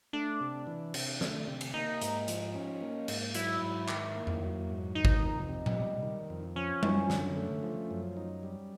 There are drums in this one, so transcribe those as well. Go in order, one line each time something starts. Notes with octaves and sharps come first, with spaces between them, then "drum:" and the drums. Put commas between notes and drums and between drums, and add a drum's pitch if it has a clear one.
A3 D4
C3
E3
C3, drum: cymbal
A3, drum: snare
C3
drum: cymbal
A#3 D#4
G#2, drum: hi-hat
F3, drum: hi-hat
C#4
A#3
G#2, drum: cymbal
F#3 E4, drum: hi-hat
G#2
D#3, drum: clap
A#3
drum: tom F2
F#3
G#2
D#3 D#4
drum: kick G#1
F2
C3
drum: tom A#2
G3
D#3
F2
F3 C#4
F#2, drum: tom G3
D3, drum: snare
A3
F3
F#2
D#4
G3